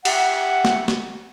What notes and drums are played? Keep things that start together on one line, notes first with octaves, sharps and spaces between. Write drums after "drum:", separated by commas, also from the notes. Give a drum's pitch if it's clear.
G4 E5 F#5, drum: cymbal
drum: snare
drum: snare